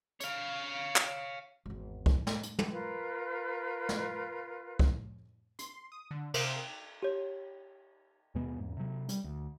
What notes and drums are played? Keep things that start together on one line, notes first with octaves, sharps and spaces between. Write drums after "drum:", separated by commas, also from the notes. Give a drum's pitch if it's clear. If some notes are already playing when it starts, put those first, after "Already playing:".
C#5 F5, drum: hi-hat
drum: clap
G#1 E2
drum: kick
drum: snare
drum: hi-hat
drum: tom
F4 A#4 B4
drum: snare
drum: kick
C6, drum: hi-hat
D#6
D3
C3 A#4 C5 E5 F5 D#6, drum: cymbal
G4 C#5
D#2 B2 G#3 B3
E2 G#2
C3 F#3
G3, drum: hi-hat
D2